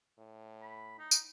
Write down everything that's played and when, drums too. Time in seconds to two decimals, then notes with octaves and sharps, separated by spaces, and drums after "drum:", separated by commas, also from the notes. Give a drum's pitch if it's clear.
0.18 A2
0.62 B5
0.99 D#4
1.11 drum: tambourine